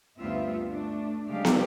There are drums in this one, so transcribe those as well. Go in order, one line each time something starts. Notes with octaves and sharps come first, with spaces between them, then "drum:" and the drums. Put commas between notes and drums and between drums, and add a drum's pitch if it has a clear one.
D2 G2 B3 C4 F4 E5
A3 D4
C#3 G3 G#3 D4 G4 F5
drum: snare